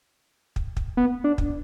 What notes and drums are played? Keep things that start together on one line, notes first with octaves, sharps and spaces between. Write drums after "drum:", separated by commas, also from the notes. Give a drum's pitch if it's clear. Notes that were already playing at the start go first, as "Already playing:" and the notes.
drum: kick
drum: kick
B3
D4
drum: kick